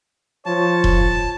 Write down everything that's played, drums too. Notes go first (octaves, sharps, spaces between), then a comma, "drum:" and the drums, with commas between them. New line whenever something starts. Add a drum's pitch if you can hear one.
F3 F4 C#5 A5
drum: kick E1